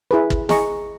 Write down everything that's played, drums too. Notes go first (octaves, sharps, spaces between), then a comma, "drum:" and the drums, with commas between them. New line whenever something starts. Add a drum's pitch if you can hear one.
E4 G#4 B4
drum: kick
G#4 D#5 A#5 C#6, drum: snare